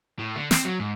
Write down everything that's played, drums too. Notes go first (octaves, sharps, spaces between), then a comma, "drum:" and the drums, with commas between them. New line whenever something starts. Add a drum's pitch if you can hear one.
A2
D3
C4, drum: snare
F#3
G#2